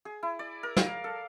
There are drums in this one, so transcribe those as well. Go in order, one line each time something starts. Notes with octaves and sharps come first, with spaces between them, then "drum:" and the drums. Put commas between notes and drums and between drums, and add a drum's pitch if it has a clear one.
G#4
E4
D5
A#4
F5, drum: snare
A4